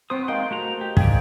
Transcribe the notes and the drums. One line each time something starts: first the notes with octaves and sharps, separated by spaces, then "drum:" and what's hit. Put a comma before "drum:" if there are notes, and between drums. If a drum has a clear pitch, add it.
B3 C4 C5 C#6 D#6
G#3 A#3 D#4 G5 C6
A3 F#4 A#5
G4
G#4 D5 G5, drum: kick